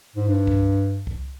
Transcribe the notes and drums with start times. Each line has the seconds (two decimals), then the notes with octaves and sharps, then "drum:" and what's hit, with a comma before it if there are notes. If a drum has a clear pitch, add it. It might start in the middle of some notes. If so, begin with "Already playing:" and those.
0.16 G#2
0.27 G2
0.47 drum: kick
1.07 drum: kick